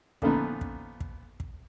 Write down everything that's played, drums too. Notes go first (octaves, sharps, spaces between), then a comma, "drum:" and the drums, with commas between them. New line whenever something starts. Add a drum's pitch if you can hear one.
A#2 D3 F3 A3 B3 D#4, drum: kick
drum: kick
drum: kick
drum: kick